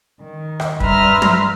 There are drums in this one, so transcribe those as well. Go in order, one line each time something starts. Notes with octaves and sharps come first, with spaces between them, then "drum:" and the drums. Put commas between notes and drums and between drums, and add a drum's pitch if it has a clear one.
D#3
drum: rim click
G2 B4 E5 A#5 C6 F6, drum: kick
drum: tom